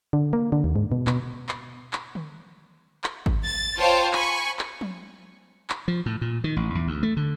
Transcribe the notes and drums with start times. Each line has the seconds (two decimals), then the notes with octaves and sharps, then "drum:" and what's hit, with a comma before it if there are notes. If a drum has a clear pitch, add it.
0.13 D3
0.33 A#3
0.52 D3
0.64 D#2
0.76 G#2
0.92 B2
1.07 B2, drum: clap
1.49 drum: clap
1.93 drum: clap
2.15 drum: tom D3
3.04 drum: clap
3.26 drum: kick G#1
3.45 A6
3.78 F4 C5 C#5 F5 G5 A5
4.13 G#5 B5 C#6, drum: clap
4.59 drum: clap
4.81 drum: tom F3
5.70 drum: clap
5.88 F3
6.06 A2
6.21 A#2
6.44 D#3
6.56 A1
6.75 E2
6.87 D2
7.03 A3
7.17 D3